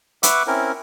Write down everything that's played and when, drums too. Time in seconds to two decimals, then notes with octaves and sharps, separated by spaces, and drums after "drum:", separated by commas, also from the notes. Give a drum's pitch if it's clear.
0.23 B4 E5 F#5 C#6 D6, drum: hi-hat
0.47 C4 C#4 E4 A#4